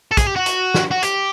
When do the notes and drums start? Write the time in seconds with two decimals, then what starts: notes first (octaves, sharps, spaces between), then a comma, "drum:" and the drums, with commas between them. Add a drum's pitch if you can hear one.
0.12 A4
0.17 G#4, drum: kick, hi-hat
0.27 G4
0.36 F#4
0.46 drum: hi-hat
0.74 drum: snare
0.91 F#4
1.03 G4, drum: hi-hat